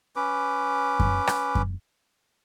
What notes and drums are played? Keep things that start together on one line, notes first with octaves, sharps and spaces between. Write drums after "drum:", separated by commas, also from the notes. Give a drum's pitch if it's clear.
C#4 B4 D6
drum: kick F#2
drum: rim click
drum: kick F#2